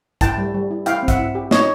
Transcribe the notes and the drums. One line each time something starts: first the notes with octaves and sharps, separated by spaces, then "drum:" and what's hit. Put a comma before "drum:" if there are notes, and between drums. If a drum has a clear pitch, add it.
E4 G5 A5, drum: kick A#1, hi-hat
G3
G3
E4
E4 F5 G5, drum: hi-hat
C4
E5 F#5, drum: kick A#1, hi-hat
E4
G4
D#4 C#5 D#5, drum: snare